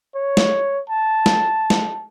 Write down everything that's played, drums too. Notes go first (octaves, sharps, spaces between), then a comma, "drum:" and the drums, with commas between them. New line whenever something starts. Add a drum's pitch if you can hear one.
C#5
drum: snare
A5
drum: snare
drum: snare